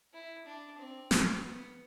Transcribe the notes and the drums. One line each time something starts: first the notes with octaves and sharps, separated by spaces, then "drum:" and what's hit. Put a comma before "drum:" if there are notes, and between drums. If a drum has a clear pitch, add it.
E4
D4
C4
drum: snare
B3